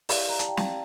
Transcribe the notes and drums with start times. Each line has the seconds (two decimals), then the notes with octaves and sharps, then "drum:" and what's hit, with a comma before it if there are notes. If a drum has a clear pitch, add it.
0.09 E4 G4 D5 F5, drum: open hi-hat
0.29 A#5
0.39 A5, drum: hi-hat
0.48 G5
0.57 F5, drum: snare